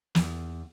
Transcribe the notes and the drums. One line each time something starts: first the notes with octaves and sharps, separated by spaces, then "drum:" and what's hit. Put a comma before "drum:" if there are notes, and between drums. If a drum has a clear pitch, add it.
E2, drum: snare